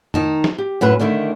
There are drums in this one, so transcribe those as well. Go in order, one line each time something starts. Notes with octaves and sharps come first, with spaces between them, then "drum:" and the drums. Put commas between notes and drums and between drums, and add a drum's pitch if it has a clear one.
D#3 D#4 A5, drum: tom F2
drum: snare
G4
F#2 A2 E4 B4
D3 D#3 A3 E4